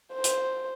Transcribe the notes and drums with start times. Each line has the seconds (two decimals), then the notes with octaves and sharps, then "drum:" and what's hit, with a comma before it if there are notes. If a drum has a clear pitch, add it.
0.13 C5
0.24 drum: hi-hat